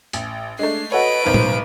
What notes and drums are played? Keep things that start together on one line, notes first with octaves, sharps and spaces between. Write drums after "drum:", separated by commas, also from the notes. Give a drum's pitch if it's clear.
A1, drum: hi-hat
G#3 A3 D4 C7
F#4 A4 B4 C#5 D#5 D7
B1 D#3 A#4 C5
drum: tom